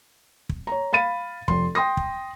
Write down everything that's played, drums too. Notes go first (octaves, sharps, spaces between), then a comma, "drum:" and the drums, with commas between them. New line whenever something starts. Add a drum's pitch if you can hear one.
drum: kick
C#5 A#5
F5 B5 A6 D#7
F1 C6, drum: kick
G5 C6 D#6 A#6
drum: kick